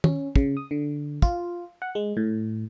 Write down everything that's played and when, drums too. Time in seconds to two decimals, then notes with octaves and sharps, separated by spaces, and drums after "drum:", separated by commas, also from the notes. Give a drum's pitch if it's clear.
0.04 C#4, drum: tom D#3
0.36 C#3, drum: kick
0.57 D#6
0.71 D3
1.22 F4, drum: kick
1.82 F#5
1.95 G#3
2.17 A2